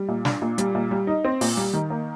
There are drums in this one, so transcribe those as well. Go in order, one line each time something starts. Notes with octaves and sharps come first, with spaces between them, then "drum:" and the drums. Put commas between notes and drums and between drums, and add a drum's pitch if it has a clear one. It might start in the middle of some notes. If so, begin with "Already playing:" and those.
Already playing: G3
A#2
D4, drum: snare
A#2
G3, drum: hi-hat
A#2
G3
D#4
C4
A#2, drum: open hi-hat
G3
D#3
A#3